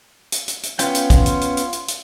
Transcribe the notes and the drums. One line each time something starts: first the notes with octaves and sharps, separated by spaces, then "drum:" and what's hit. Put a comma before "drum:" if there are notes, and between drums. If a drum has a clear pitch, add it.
drum: hi-hat
drum: hi-hat
drum: hi-hat
B3 C#4 F4 G5, drum: hi-hat
drum: hi-hat
drum: kick, hi-hat
drum: hi-hat
drum: hi-hat
drum: hi-hat
drum: hi-hat
drum: hi-hat